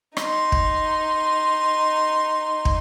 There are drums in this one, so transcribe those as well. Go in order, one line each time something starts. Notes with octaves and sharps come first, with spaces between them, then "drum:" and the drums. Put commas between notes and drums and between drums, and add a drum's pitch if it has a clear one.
D#4 C6, drum: rim click
drum: kick
drum: kick